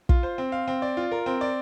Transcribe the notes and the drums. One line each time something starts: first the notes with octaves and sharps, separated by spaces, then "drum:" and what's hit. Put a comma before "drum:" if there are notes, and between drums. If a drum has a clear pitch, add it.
F4, drum: kick
C5
C4
F5
C4
D5
F4
A#4
C4
D5